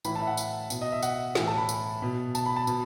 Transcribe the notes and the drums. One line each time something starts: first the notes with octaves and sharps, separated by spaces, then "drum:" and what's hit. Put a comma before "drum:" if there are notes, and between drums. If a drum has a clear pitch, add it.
A2 E3 B5, drum: tambourine
A5
E5
F#5
drum: tambourine
B2, drum: tambourine
D#5
E5
F#5, drum: tambourine
A2 E3 G#5, drum: snare
A5
B5
drum: tambourine
B2
A5, drum: tambourine
B5
A5
B2, drum: tambourine